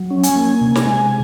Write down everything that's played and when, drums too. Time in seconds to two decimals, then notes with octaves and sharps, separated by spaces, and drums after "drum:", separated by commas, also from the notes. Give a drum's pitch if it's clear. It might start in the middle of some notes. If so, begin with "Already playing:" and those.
Already playing: F#3
0.10 C#4
0.23 G#5, drum: hi-hat
0.36 A#3
0.61 C3
0.75 drum: snare
0.85 G#3